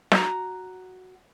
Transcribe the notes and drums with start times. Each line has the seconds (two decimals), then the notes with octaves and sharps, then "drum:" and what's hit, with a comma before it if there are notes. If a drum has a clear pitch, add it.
0.12 F#4 A#5, drum: snare